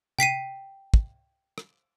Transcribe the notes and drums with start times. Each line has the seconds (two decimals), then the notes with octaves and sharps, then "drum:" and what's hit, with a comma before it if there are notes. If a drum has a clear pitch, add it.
0.19 G5 B6 C7 D#7, drum: tom C3
0.94 drum: kick
1.58 drum: rim click